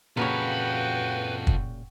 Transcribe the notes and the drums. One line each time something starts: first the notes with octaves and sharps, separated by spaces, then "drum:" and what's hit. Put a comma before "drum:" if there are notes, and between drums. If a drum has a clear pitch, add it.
A#2 C#3 F4 F#4 A4 B4 C#5 G5
drum: kick